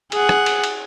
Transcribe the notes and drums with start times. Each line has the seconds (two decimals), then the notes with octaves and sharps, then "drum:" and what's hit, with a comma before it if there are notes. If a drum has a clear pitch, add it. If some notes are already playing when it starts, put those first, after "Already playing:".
0.12 G#4 F#5, drum: cymbal
0.29 drum: rim click
0.46 drum: cymbal
0.64 drum: cymbal